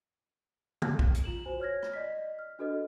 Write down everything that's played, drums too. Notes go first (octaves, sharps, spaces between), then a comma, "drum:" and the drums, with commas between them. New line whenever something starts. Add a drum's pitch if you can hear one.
drum: tom
drum: kick
drum: hi-hat
F4 E7 F#7
F#4 C5 G#5
C#5 F6 G#6 A#6
drum: rim click
D5 D#5 B6
F6
D4 F#4 A4 B4 D#5